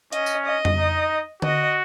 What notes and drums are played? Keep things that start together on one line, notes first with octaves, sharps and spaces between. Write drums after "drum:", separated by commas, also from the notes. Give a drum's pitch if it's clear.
C#4 D#5, drum: hi-hat
drum: tambourine
D#5
drum: tom F2
D#4
F#4 D#5, drum: tom D3